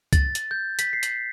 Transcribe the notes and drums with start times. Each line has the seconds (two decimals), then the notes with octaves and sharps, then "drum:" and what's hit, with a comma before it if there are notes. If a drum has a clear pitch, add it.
0.13 A6, drum: kick, hi-hat
0.35 drum: hi-hat
0.51 G6
0.79 B6, drum: hi-hat
0.93 C7
1.03 drum: hi-hat